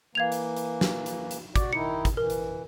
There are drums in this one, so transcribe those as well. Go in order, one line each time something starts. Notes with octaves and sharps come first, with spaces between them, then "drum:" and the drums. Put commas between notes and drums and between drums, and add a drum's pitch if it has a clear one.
E3 A#3 F5 G#6 F7
drum: hi-hat
drum: hi-hat
drum: snare
drum: hi-hat
drum: hi-hat
F#4 D5 D6, drum: kick, hi-hat
D#3 D#4 E4 C#7
drum: kick, hi-hat
E3 A#4
drum: hi-hat